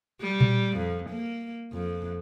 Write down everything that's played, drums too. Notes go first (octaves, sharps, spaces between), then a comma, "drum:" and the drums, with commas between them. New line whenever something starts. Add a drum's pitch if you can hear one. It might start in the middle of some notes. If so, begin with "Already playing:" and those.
G3
drum: tom A#2
F2
A#3
F2